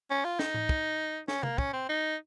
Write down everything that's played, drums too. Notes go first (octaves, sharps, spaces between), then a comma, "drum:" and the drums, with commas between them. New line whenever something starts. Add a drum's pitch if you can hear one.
C#4
F4
D#4, drum: snare
drum: tom A2
drum: kick
C#4, drum: snare
A#3, drum: tom C3
C#4, drum: kick
C4
D#4